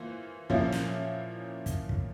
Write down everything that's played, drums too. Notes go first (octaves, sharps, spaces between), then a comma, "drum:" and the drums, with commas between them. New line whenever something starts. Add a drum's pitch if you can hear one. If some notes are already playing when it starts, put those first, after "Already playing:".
Already playing: E3 A#3 F4 C5
A#2 F3 A#3 C#4 E4, drum: kick
drum: snare
drum: kick, hi-hat
drum: kick